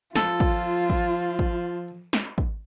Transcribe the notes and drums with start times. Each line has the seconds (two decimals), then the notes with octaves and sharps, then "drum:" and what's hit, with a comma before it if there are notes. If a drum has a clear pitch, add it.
0.16 F3 F4 A4, drum: snare
0.40 drum: kick
0.90 drum: kick
1.39 drum: kick
2.13 drum: snare
2.38 drum: kick